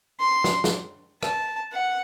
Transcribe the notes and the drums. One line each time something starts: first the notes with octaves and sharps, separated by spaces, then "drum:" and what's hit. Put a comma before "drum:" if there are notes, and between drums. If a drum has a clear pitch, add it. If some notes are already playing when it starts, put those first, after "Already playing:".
C6
drum: snare
drum: snare
A5, drum: rim click
F#5